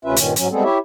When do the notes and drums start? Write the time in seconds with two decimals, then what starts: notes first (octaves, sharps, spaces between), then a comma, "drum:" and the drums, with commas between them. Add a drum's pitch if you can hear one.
0.05 D2 C3 C#4 F4 B4 E5
0.17 G2 A#2 D#3 C#4, drum: hi-hat
0.36 G#2 F#3 C#4, drum: hi-hat
0.51 G3 G#3 B3 C4 G#4 A4
0.63 E4 G4 C#5 E5